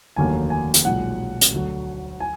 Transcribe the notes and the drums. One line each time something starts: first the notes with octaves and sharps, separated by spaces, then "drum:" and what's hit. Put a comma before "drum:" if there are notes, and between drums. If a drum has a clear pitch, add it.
F1 D#2 D3 F#3 A#3 G#5
G#5
drum: hi-hat
B1 A#2 G#3 F#5
drum: hi-hat
D2 D3 F#3
G#5